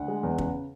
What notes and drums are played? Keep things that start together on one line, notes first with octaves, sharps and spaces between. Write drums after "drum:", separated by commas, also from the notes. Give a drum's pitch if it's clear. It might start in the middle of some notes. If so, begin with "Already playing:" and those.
Already playing: D2 F#5
G#3
E2
C#3, drum: kick